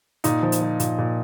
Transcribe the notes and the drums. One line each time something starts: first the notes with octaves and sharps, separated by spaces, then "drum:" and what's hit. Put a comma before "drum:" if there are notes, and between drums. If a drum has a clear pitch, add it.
A#2 D#4, drum: hi-hat
F3
drum: hi-hat
F3
A#2, drum: hi-hat
A#2